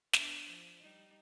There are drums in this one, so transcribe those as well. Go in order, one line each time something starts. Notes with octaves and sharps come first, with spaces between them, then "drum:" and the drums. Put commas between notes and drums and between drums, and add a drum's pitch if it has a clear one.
B3 D4, drum: snare
F3
G3 D#4